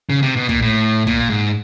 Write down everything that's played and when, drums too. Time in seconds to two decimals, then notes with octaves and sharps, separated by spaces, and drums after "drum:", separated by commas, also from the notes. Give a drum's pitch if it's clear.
0.10 C#3
0.22 C3
0.36 B2
0.49 A#2, drum: kick
0.62 A2
1.07 A#2, drum: kick
1.30 G#2